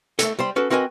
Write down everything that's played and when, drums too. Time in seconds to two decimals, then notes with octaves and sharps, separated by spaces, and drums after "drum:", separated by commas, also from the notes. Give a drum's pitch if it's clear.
0.19 A3 A4, drum: hi-hat
0.39 G3 C5 C6
0.56 C#4 F#4 A4 B4
0.70 C4 F#4 A#4 B4 D#5 G#5